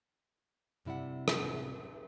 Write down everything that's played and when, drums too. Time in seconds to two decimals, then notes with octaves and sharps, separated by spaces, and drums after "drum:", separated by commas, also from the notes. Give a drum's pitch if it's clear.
0.85 G2 C3 E4 D5 F#5
1.28 drum: rim click